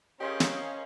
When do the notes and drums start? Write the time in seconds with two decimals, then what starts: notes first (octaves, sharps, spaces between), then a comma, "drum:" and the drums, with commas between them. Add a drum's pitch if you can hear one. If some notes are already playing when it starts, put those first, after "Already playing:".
0.20 C#4 G4 G#4 A#4 C5 D#5 F5
0.40 drum: snare